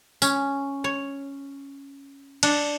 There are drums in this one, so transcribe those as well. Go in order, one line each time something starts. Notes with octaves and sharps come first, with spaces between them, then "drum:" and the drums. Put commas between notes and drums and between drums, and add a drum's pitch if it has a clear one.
C#4, drum: tambourine
C#5
D4, drum: cymbal